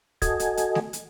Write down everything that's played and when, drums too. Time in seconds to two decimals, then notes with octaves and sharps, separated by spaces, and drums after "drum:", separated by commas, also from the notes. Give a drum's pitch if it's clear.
0.22 F#4 A4 D#5 G#5, drum: kick, hi-hat
0.40 drum: hi-hat
0.57 drum: hi-hat
0.75 drum: snare A3
0.93 drum: hi-hat